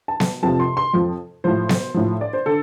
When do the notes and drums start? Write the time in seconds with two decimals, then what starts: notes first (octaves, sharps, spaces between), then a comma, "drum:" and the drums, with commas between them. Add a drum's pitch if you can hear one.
0.08 A5
0.20 drum: snare B3
0.43 F2 C3 F3 A5
0.60 C6
0.77 C6
0.93 F2 F3
1.44 A2 F3 C5
1.69 drum: snare B3
1.94 A2 F3
2.21 D5
2.33 C5
2.46 D3 A4